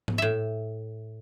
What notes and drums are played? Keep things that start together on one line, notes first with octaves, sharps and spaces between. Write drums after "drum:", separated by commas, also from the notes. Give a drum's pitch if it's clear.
drum: tom G#2
A2 E5